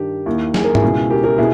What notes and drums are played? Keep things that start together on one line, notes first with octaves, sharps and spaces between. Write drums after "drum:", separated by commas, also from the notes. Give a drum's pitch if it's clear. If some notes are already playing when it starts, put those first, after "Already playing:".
Already playing: G2 D#3 G4
D#2 D#3 E4
G#4, drum: snare
A#4
E4 G#4, drum: tom G#2
C#2 B2
G4 A#4
G4 A#4
B2 E4 G#4